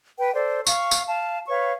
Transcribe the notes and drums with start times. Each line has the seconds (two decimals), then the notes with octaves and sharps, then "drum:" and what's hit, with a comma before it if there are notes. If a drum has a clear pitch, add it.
0.18 B4 G5
0.34 A4 C5 D5
0.67 F5 C#6, drum: tambourine
0.91 drum: tambourine
1.08 F5 A5
1.48 B4 C#5 F5 C#6